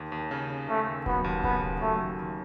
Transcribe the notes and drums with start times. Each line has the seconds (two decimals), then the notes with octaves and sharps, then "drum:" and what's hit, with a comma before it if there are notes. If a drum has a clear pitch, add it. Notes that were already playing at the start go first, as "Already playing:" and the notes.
Already playing: D#2
0.12 D#2
0.31 C#3
0.50 C#3
0.69 C#3 A3
0.87 D#2
1.06 F#3 B3, drum: kick D#1
1.24 D#2
1.44 C#3 B3, drum: kick D#1
1.62 D#2
1.81 F#3 A3
2.00 D#2
2.19 D#2